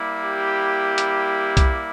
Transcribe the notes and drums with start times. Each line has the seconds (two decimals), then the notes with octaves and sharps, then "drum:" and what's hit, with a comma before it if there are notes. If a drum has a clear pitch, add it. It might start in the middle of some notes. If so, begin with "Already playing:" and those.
Already playing: G3 A#3 E4
0.25 G4
0.98 drum: hi-hat
1.57 drum: kick B1, hi-hat